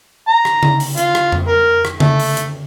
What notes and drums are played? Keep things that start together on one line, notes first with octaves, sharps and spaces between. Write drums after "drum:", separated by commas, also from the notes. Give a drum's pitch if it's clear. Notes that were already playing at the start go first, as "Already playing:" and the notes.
A#5
drum: rim click
drum: tom C#3
drum: open hi-hat
F4, drum: hi-hat
drum: rim click
drum: tom F2
A#4
drum: rim click
A3, drum: tom C#3
drum: open hi-hat
drum: hi-hat